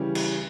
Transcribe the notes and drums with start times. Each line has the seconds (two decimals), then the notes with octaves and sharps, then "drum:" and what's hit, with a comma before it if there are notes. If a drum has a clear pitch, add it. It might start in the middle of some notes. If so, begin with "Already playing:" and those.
Already playing: C#3 E3 G3 C#4 G4
0.15 drum: cymbal